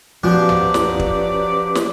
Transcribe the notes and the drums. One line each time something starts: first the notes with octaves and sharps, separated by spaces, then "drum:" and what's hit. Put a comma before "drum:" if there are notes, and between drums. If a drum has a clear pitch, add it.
F3 F#3 B3 C#4 F#4 G4 B4 D5
drum: tom
drum: snare
drum: kick
drum: snare